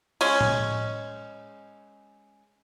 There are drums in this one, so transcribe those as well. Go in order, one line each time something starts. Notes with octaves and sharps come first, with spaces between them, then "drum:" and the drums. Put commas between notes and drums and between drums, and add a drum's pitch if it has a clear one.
G#3 C#4, drum: cymbal
drum: tom A2